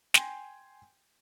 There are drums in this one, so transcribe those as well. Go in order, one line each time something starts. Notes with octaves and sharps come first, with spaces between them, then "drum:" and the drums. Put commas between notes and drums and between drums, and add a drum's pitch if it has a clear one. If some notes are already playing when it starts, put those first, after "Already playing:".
G5 G#5 C6, drum: snare